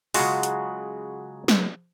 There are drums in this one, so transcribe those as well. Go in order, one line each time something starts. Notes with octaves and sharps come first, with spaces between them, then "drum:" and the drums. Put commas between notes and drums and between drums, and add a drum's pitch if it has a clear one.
C#3 F#3 G#3 F4 F#4, drum: open hi-hat
drum: hi-hat
drum: snare